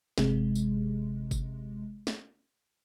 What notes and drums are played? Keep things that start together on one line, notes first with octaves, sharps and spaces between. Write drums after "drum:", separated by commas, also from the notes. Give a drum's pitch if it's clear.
G1 C3 G#3, drum: snare
drum: tambourine
drum: kick G1, tambourine
drum: snare